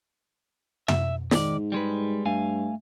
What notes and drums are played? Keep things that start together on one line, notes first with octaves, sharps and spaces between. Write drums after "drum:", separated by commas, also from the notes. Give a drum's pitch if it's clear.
E5, drum: tom
G#2 D#3 D5, drum: snare
G3 G#3 B4
G2 A3 F5 G#5